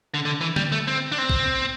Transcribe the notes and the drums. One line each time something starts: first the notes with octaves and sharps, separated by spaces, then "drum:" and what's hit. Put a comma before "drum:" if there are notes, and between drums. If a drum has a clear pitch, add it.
D3
D3
E3
G3, drum: tom D3
A3
C4
D4
C4
drum: kick A#1